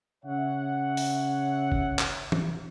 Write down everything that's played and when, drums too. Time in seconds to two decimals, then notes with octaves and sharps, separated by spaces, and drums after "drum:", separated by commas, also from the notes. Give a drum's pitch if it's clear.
0.24 C#3 C#5 E5 F#5
0.97 drum: open hi-hat
1.72 drum: kick
1.99 drum: clap
2.32 drum: tom E3